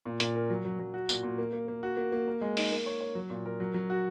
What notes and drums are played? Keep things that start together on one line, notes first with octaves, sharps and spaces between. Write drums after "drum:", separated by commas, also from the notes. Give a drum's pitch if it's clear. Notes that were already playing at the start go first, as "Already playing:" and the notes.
A#2
A#2, drum: hi-hat
A#4
F#3
F#3
F#3
F#4
A#2, drum: tambourine
A#2
A#3
A#3
A#3
F#4
A#3
A#3
A#4
G#3
D#4, drum: open hi-hat
A#3
C#5
C#5
F#3
A#2
A#4
F#3
F#3
F#4